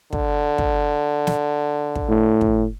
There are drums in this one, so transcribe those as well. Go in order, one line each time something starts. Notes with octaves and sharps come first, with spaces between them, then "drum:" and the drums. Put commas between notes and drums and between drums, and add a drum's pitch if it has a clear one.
D3, drum: kick
drum: kick
drum: snare
drum: kick
A2
drum: kick